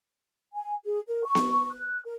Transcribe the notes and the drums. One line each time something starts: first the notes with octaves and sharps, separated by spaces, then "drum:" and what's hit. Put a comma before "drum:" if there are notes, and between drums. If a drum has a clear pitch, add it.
G#5
G#4
A#4
C#6
drum: snare B3
F#6
A#4